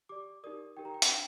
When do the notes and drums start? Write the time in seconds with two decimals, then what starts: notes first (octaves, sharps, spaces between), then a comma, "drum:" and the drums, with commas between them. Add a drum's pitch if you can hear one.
0.09 G4 D5 D6
0.44 D#4 G4 A#4 D5 D#6
0.77 D#4 G4 A#4 G5
0.85 A#5
0.94 G5
1.02 F#5, drum: hi-hat
1.11 D4 G5